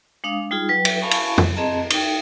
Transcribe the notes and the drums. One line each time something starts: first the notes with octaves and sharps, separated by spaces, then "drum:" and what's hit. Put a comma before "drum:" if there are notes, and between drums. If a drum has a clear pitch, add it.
G#3 D4 F5 D#6
G3 D#4 F4 G#4
F#3 B4 G5
drum: cymbal
F5 G#5 A5 B5 C#6
drum: cymbal
drum: tom
C4 G#4 D#5 A5 A#5
D#4 G5, drum: cymbal